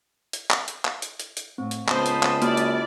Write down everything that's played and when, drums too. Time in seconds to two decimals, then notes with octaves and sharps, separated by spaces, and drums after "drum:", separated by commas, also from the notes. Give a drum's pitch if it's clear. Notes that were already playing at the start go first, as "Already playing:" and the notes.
0.33 drum: hi-hat
0.51 drum: clap
0.68 drum: hi-hat
0.85 drum: clap
1.02 drum: hi-hat
1.20 drum: hi-hat
1.37 drum: hi-hat
1.58 A2 C4
1.71 drum: hi-hat
1.88 C#2 A#3 B3 C5 A5 B5 D#6, drum: clap
2.06 drum: hi-hat
2.23 drum: clap
2.42 A#3 E4 F#4 D5 F6, drum: hi-hat
2.57 drum: hi-hat